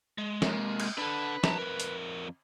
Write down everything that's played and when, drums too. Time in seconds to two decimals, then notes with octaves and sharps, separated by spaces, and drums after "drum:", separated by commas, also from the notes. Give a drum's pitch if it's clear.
0.18 G#3
0.42 C3 A#3, drum: snare
0.80 drum: cymbal
0.98 D4 A4 B4
1.44 A5 A#5, drum: snare
1.58 F2 A#4
1.80 drum: hi-hat